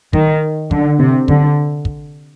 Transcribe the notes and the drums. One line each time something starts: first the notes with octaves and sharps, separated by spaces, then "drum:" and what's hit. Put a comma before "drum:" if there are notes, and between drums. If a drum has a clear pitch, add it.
D#3, drum: kick
D3, drum: kick
C3
D3, drum: kick
drum: kick